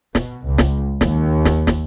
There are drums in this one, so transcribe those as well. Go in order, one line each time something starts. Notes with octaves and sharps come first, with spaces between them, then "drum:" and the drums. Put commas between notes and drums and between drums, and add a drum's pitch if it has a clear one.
B2, drum: snare
C#2
drum: snare
D#2, drum: snare
drum: snare
drum: snare